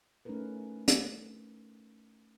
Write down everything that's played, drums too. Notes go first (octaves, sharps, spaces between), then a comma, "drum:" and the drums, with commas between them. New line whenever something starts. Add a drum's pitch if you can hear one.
A3 C#4 D#4 E4 A#4 B4
drum: hi-hat